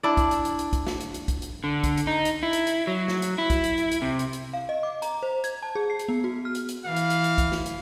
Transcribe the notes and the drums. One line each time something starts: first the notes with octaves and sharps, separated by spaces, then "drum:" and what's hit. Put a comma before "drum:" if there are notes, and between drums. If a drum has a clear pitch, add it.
D4 E4 D5
drum: kick, hi-hat
drum: hi-hat
drum: hi-hat
drum: hi-hat
drum: kick, hi-hat
drum: snare
drum: hi-hat
drum: hi-hat
drum: kick, hi-hat
drum: hi-hat
D3
drum: kick, hi-hat
drum: hi-hat
D#4
drum: hi-hat
E4
drum: hi-hat
drum: hi-hat
F#3
drum: snare
drum: hi-hat
E4
drum: kick, hi-hat
drum: hi-hat
drum: hi-hat
drum: hi-hat
C3
drum: hi-hat
drum: hi-hat
F5
D#5
D6
A#5, drum: hi-hat
C5
G#6, drum: hi-hat
A5
G#4
C7
drum: hi-hat
B3
F#4
F6
drum: hi-hat
drum: hi-hat
E3 F5
drum: hi-hat
drum: hi-hat
drum: hi-hat
drum: kick, hi-hat
drum: snare
drum: hi-hat